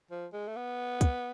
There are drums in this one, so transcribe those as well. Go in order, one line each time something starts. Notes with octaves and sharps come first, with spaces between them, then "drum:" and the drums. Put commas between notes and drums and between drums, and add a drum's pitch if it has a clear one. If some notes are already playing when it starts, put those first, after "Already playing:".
F3
G#3
A3
B3
drum: kick, hi-hat